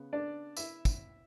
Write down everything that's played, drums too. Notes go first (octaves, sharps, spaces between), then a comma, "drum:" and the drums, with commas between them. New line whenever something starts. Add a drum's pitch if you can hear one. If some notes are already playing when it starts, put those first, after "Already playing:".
Already playing: C#3 B3
D4 D5
E4 E5, drum: tambourine
drum: kick, tambourine